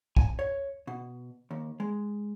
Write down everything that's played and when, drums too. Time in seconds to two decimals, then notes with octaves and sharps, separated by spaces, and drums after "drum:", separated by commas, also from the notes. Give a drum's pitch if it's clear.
0.17 G#5, drum: kick
0.39 C#5
0.87 B2
1.51 D#2
1.80 G#3